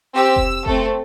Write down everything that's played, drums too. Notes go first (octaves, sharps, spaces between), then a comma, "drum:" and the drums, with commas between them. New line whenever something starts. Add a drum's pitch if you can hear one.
C4 G4 E6
drum: kick F1
A3 C4 A4, drum: kick F1